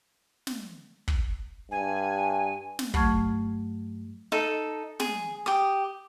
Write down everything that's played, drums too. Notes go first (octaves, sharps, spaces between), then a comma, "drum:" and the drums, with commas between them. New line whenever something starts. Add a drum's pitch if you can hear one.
drum: snare
drum: kick
G2 G#5
drum: snare
G2 F#3 A3 C#6 F6 G#6, drum: kick
D#4 A4
G#4, drum: snare
G4 D#6